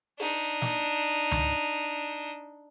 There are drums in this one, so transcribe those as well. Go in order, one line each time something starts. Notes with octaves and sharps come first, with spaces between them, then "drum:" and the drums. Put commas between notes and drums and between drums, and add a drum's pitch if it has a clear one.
D4 D#4, drum: open hi-hat
drum: snare
drum: tom C#2